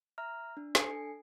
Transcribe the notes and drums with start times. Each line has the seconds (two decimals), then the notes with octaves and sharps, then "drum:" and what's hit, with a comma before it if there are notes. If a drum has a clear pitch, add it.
0.18 E5 A#5 F6
0.57 D4
0.75 D4 A4 G#5 C7 C#7, drum: snare